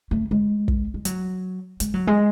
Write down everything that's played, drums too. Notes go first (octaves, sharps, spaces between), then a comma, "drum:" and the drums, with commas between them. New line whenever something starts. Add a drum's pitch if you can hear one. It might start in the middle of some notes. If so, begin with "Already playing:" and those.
A3
G#3
drum: kick
G#3
F#3, drum: hi-hat
G#3, drum: hi-hat
F#3
G#3